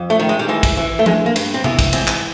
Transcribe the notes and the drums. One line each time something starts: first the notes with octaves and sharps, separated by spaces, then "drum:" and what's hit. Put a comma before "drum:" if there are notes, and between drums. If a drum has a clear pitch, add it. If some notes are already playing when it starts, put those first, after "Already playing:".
Already playing: F2
A3
D#3
G#3
G3
E3 G#3
drum: kick, cymbal
E3
A3
D3 G#3, drum: tom F3
A#3
G2, drum: cymbal
C4
E3 B3, drum: tom C3
drum: kick, cymbal
G#2 C4, drum: cymbal
drum: clap